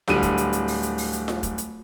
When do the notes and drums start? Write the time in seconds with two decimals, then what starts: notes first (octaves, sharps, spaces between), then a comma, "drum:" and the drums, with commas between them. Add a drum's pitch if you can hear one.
0.08 D1 D3 G3 D#7, drum: snare F4
0.23 drum: kick, hi-hat
0.38 drum: hi-hat
0.53 drum: hi-hat
0.68 drum: open hi-hat
0.83 drum: hi-hat
0.98 drum: open hi-hat
1.13 drum: hi-hat
1.28 drum: snare F4
1.43 drum: kick, hi-hat
1.58 drum: hi-hat